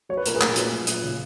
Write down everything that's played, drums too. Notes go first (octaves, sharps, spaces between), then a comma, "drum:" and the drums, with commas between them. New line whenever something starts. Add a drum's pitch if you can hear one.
F#3 C#5
B4
A#2 A#4, drum: hi-hat
G#4 B4
A#2, drum: clap
F#3, drum: hi-hat
A#2
A#2, drum: hi-hat
C#3